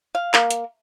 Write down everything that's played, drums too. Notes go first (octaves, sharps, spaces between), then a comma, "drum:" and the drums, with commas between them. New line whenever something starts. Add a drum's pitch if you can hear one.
F5
A#3, drum: clap
drum: hi-hat